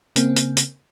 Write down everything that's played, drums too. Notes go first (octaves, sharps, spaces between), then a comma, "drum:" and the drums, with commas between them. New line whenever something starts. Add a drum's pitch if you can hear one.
C#3 A#3 C4, drum: hi-hat
drum: hi-hat
drum: hi-hat